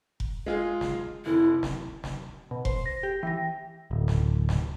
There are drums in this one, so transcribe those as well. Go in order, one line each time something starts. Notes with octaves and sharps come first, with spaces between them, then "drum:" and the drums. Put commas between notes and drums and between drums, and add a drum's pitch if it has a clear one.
drum: kick F1
G#3 F4 G#4
drum: snare
F1 E4
drum: snare
drum: snare
B2
C5, drum: kick F1
A#6
G4
E3 G5 A#6
D1
drum: snare
drum: snare